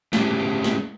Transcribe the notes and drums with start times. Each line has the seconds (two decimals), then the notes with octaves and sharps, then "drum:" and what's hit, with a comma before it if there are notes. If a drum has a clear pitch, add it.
0.13 A3 C#4 E4 G4 G#4, drum: snare
0.64 drum: snare